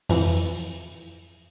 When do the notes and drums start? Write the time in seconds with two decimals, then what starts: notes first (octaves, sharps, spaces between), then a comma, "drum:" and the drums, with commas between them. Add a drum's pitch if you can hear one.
0.09 F2 E3, drum: open hi-hat